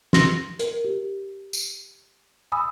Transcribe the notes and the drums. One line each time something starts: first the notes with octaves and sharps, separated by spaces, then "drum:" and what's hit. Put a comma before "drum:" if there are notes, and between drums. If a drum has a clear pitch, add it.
C6 E6 A#6, drum: snare
A#4, drum: hi-hat
G4
drum: tambourine
G#5 B5 D#6 E6